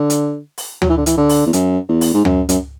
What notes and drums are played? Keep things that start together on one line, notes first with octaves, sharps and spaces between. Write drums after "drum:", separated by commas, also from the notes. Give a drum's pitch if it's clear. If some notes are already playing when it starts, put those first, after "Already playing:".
Already playing: D3
drum: hi-hat
drum: open hi-hat
F#3, drum: tom D2
E3
D3
E3, drum: hi-hat
D3
drum: open hi-hat
E2
F#2, drum: hi-hat
E2
drum: open hi-hat
G#2
F#2, drum: tom D2
F#2, drum: hi-hat